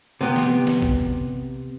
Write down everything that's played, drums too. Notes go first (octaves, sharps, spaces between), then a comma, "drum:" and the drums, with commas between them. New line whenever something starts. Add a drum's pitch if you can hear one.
C3 B3 G4
drum: snare
drum: snare
drum: kick